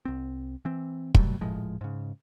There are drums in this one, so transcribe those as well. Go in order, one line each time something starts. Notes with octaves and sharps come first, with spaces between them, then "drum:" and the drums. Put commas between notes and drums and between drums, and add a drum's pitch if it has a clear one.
C2 C4
E3 C4
B2 F#3 G3 A3, drum: kick
D#1 A2 F3 G#3
G#2 C#3